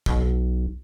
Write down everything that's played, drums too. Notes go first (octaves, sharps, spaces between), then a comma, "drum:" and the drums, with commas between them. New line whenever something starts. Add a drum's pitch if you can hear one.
B1, drum: kick